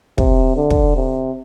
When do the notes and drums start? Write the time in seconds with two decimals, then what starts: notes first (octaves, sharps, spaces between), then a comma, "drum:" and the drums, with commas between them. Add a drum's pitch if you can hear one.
0.18 C3, drum: kick
0.57 D3
0.70 drum: kick
0.96 C3